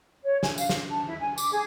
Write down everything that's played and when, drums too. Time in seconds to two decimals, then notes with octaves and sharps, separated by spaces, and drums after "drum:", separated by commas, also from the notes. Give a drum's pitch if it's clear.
0.23 C#5
0.43 G#5, drum: snare
0.58 F5, drum: tambourine
0.69 drum: snare
0.89 A5
1.06 E4
1.19 G#5
1.38 D6, drum: tambourine
1.52 G#4